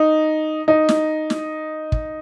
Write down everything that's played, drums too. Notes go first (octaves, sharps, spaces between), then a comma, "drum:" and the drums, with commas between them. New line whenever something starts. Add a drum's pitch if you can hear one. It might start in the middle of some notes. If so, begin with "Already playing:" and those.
Already playing: D#4
D#4
drum: snare
drum: snare
drum: kick